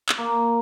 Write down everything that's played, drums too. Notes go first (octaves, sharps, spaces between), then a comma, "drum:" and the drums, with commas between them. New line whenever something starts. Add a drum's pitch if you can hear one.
drum: clap
A#3